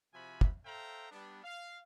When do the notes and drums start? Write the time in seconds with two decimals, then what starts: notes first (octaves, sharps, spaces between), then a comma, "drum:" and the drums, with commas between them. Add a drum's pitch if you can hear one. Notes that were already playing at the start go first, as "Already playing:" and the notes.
0.14 C3 F3 F#4 E5 G#5 B5
0.41 drum: kick
0.65 A4 C5 E5 F5 G5 A#5
1.11 G3 B3 D4
1.44 F5